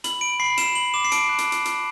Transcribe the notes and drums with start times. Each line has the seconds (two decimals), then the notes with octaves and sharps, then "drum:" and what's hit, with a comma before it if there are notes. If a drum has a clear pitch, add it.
0.04 B5 F#7, drum: hi-hat
0.21 B5 D7
0.40 B5 C7
0.57 B5 E7, drum: hi-hat
0.75 B5 F#7
0.94 D6 E7
1.05 C7
1.12 A5 D7, drum: hi-hat
1.29 F#6
1.38 drum: hi-hat
1.52 drum: hi-hat
1.65 drum: hi-hat